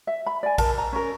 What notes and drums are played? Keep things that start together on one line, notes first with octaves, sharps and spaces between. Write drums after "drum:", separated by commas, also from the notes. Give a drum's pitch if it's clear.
E5
B5
D5 G#5
A#4 A5, drum: kick A#1, cymbal
A#5
C#4 A#4